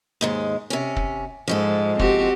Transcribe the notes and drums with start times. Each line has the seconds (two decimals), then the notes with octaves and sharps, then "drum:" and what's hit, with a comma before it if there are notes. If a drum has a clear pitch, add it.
0.21 D#2 G#2 G#3
0.70 C3 C#4
0.96 drum: kick
1.48 G#2 F3 G#3 A4
1.99 C4 F#4 G4, drum: kick